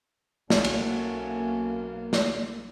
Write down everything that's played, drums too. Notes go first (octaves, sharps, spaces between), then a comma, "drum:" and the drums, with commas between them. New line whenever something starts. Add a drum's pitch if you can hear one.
B1 F#3 A3 A#3 C#4, drum: snare
drum: cymbal
drum: snare